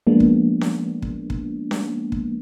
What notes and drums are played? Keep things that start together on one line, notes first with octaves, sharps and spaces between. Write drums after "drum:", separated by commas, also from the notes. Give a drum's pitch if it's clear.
F3 G#3 A#3 B3 D4
drum: kick
drum: snare C#4
drum: kick
drum: kick
drum: snare C#4
drum: kick